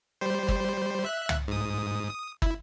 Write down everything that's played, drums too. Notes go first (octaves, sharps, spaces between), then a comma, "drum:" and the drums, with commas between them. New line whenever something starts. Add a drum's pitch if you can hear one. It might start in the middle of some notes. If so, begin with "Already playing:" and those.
G3 C5
drum: kick
E5 F#6
drum: tom
G#2 D#6
D#6
E4, drum: kick